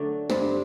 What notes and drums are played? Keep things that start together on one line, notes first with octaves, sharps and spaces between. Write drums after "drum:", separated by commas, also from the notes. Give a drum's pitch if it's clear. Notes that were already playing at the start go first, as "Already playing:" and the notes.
Already playing: D3 F#3 A3 D4
G2 C5, drum: snare